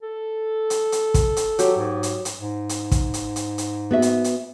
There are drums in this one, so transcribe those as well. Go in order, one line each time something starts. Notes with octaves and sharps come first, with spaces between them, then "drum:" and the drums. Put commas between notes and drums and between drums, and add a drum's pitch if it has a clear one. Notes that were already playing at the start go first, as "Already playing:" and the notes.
A4
drum: hi-hat
drum: hi-hat
drum: kick, hi-hat
drum: hi-hat
F#3 G4, drum: hi-hat
G#2
drum: hi-hat
drum: hi-hat
G#2
drum: hi-hat
drum: kick, hi-hat
drum: hi-hat
drum: hi-hat
drum: hi-hat
B3 F#4 E5
drum: hi-hat
drum: hi-hat